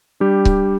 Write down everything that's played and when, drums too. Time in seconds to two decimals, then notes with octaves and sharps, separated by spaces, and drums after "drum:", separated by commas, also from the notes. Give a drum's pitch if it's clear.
0.20 G3 D4 G4
0.45 drum: kick C#1